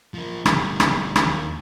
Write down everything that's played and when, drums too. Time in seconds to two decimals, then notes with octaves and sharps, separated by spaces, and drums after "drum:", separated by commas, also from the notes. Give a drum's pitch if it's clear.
0.14 F3 A#4
0.45 D2 G3, drum: rim click
0.80 drum: rim click
1.16 D#2, drum: rim click